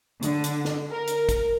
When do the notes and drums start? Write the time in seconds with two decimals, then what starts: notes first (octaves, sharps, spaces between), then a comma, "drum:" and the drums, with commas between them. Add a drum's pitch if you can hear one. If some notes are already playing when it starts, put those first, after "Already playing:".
0.22 D3, drum: hi-hat
0.44 drum: hi-hat
0.65 drum: snare
0.91 A#4
1.07 drum: hi-hat
1.29 drum: kick, hi-hat